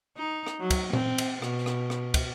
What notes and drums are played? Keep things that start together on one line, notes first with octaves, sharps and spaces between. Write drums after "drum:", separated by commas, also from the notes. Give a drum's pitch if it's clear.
D#4
drum: rim click
F#3
drum: kick, cymbal
C4, drum: tom A#2
drum: cymbal
B2, drum: rim click
drum: rim click
drum: rim click
drum: kick, cymbal